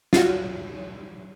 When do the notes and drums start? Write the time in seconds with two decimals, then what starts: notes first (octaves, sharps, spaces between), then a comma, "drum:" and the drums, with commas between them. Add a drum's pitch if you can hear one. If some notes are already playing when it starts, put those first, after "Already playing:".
0.13 F4 F#4, drum: snare